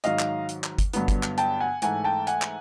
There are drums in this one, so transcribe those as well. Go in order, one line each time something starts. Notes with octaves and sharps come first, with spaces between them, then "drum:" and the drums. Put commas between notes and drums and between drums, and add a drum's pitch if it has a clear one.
G#2 D#3 F#3 D#5 F5, drum: hi-hat
drum: clap
drum: hi-hat
drum: clap
drum: kick G1, hi-hat
G2 D3 F#3 B3, drum: hi-hat
drum: kick G1, hi-hat
drum: clap
G5 A5, drum: hi-hat
F#5 G#5
G#2 E3 A3 F#5 G#5, drum: hi-hat
G5 A5
F#5 G#5, drum: hi-hat
drum: clap